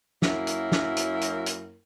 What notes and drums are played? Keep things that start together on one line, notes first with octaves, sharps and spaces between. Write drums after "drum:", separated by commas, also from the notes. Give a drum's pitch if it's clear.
F#2 F#3 A#3 E4 A#4, drum: snare
drum: hi-hat
drum: snare
drum: hi-hat
drum: hi-hat
drum: hi-hat